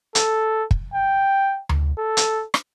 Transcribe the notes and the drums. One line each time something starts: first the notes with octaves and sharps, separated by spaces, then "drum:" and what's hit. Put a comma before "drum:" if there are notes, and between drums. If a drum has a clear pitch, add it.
A4, drum: hi-hat
drum: kick
G5
drum: tom D2
A4
drum: hi-hat
drum: rim click